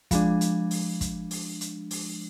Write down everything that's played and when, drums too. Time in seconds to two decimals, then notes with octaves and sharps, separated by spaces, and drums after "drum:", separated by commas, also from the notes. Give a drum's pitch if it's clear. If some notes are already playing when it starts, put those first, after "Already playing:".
0.11 F3 G#3 D4, drum: kick, hi-hat
0.41 drum: hi-hat
0.71 drum: open hi-hat
1.01 drum: kick, hi-hat
1.31 drum: open hi-hat
1.61 drum: hi-hat
1.91 drum: open hi-hat